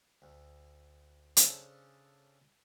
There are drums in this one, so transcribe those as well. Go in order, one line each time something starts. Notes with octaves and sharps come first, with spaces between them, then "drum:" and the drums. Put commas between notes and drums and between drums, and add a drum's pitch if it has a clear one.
D2
C#3 C#4 D4 G#4 A4 C5, drum: hi-hat